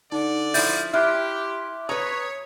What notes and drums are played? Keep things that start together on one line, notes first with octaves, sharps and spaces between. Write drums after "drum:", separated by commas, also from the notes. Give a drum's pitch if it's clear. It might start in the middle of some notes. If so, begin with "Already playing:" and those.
D3 D#4 D5
F3 E4 G6 A6, drum: open hi-hat
E4 G4 E5 C6 D6 F6 F#6
B4 C#5 A#5 D#6